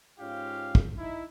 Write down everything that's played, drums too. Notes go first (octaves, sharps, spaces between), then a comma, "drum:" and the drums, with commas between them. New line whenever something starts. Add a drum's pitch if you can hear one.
G#2 C#4 F4 G4 F5
drum: kick
D#4 E4